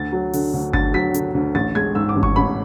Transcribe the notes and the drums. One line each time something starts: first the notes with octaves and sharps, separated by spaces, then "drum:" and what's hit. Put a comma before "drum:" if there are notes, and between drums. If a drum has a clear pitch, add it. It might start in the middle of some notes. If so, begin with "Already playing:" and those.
Already playing: D2 A6
F#3
D3, drum: open hi-hat
D2
D2 A6, drum: kick G1
F#3 B6
D3, drum: hi-hat
D2
A1 A6
G#3 G#6
G#2 E6
D6
A1
C#6, drum: kick G1
A1 B5